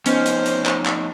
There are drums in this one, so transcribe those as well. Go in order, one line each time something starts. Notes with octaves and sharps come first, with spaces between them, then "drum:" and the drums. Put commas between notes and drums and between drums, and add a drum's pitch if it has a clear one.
F2 B3 C#4 D#4 C5 G#5, drum: hi-hat
drum: hi-hat
drum: hi-hat
drum: clap
drum: clap